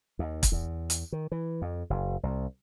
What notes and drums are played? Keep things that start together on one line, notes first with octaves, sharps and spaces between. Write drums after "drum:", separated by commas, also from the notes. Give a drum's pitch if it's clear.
D#2
drum: kick, hi-hat
E2
drum: hi-hat
D#3
E3
F2
F#1
C2